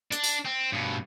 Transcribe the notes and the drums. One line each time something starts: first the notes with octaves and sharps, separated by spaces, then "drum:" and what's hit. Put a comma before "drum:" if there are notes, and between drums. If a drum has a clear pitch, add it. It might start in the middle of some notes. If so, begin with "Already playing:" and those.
D4, drum: hi-hat
drum: tambourine
C4
G2 B2